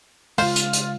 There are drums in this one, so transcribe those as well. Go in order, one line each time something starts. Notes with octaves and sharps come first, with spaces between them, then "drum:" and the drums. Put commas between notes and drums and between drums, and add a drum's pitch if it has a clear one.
C#3 G#3 F4 C5, drum: open hi-hat
drum: hi-hat
drum: hi-hat